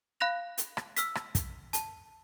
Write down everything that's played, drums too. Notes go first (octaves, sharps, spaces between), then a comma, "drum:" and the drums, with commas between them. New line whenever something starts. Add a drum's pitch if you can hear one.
F5 B5 F#6 A#6 F7
drum: hi-hat
drum: rim click
E6 F6 B6, drum: hi-hat
drum: rim click
drum: kick, hi-hat
A5, drum: hi-hat